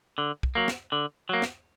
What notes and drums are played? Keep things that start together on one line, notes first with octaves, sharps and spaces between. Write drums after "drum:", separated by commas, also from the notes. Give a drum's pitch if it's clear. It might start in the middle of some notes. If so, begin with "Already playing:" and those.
D3
drum: kick
F#3 A#3
drum: snare
D3
F#3 A#3
drum: snare